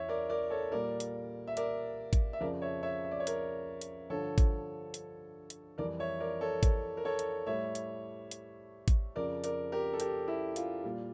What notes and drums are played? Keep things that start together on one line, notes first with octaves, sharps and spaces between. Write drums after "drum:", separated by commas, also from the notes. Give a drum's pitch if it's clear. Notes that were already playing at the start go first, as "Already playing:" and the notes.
Already playing: E2 C#3 E3 C#5 E5
A#4 D5
A#4 D5
A4 C#5
A#2 G3 A#4 D5
drum: hi-hat
E5
A#4 D5, drum: hi-hat
drum: kick G#1, hi-hat
E5
F2 C#3 F3 A#4 D5
C#5 E5
C#5 E5
E5
D5
C#5
A#4 D5, drum: hi-hat
drum: hi-hat
G2 D3 F3 A4 C#5
drum: kick G#1, hi-hat
drum: hi-hat
drum: hi-hat
F2 E3 G3 A#4 D5
C#5 E5
A#4 D5
A4 C#5
drum: kick G#1, hi-hat
A#4
A4 C#5
drum: hi-hat
A2 G3 C#5 E5
drum: hi-hat
drum: hi-hat
drum: kick G#1, hi-hat
F2 C#3 F3 A#4 D5
A#4 D5, drum: hi-hat
G4 A#4
A4
G4 A#4, drum: hi-hat
E4
F4, drum: hi-hat
A#2 G3